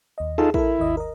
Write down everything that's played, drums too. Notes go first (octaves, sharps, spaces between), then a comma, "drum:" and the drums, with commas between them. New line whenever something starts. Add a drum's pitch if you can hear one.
D#2 D#5
D#4 F4 G#4 A4
E4 A4 A#4, drum: kick A1
G#1 D#2 D#5
A#4 D#5